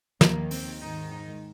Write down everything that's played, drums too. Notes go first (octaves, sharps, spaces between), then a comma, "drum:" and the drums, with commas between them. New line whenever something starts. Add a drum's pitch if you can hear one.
D#2 D#3 A#3, drum: snare
C4, drum: open hi-hat
G#2 D#3 D#4
D#4